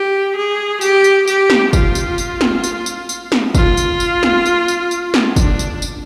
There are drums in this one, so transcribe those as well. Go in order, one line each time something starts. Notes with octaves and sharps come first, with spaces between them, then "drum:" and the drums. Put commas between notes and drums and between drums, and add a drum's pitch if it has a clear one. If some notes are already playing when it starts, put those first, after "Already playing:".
Already playing: G4
G#4
G4, drum: tambourine
drum: tambourine
G4, drum: tambourine
drum: snare
F4, drum: kick, tambourine
drum: tambourine
drum: tambourine
drum: snare
drum: tambourine
drum: tambourine
drum: tambourine
drum: snare
F4, drum: kick, tambourine
drum: tambourine
drum: tambourine
drum: snare
drum: tambourine
drum: tambourine
drum: tambourine
drum: snare
D4, drum: kick, tambourine
drum: tambourine
drum: tambourine